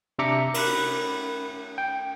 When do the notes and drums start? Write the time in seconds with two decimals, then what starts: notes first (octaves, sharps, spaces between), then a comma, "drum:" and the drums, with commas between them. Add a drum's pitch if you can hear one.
0.19 C3 D4 E5 A#5 D6 C#7
0.54 A#4 B5 F#6, drum: cymbal
1.78 G5